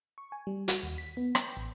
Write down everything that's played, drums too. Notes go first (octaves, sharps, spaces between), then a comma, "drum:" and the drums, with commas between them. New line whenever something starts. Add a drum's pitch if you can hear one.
C#6
G#5
G3
F#4, drum: hi-hat
D#2
B6
B3
G5, drum: rim click
A1